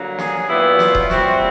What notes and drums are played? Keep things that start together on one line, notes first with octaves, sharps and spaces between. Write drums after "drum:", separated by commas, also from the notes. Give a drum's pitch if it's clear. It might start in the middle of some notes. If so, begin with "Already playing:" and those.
Already playing: G2 D3 F#3 A#3
G#4, drum: snare
A#2 F#3 B3 E4 G4
F4, drum: snare
drum: kick D#1
A#2 G3 C4 E4 F#4, drum: snare